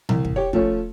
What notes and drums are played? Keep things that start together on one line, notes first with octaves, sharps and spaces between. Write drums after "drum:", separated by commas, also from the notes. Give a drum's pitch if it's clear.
C2, drum: tom
drum: kick
G4 C#5
F3 A3 C#4, drum: kick